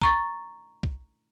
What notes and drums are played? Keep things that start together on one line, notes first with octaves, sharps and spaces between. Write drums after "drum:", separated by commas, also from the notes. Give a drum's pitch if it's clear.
A#5 C#6 A6, drum: kick
drum: kick